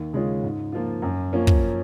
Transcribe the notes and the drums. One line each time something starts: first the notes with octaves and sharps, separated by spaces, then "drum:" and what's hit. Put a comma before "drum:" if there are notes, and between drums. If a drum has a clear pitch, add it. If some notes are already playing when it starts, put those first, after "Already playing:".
Already playing: D#2
C#3 G#3 C#4 F4
G#2
F3 A#3 F4
F#2
F3 A#3 C#4
drum: kick